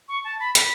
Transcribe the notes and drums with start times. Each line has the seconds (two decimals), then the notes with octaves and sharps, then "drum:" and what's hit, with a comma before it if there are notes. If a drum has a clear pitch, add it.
0.08 C#6
0.24 A5
0.40 B5
0.55 B5, drum: hi-hat